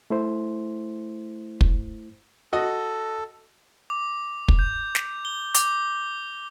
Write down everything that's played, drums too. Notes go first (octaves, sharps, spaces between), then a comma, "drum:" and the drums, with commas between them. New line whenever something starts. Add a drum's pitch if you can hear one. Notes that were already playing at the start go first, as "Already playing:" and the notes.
A3 E4 C5
drum: kick
F#4 A4 D#5
D6
drum: kick
G6
drum: snare
G7
D6, drum: hi-hat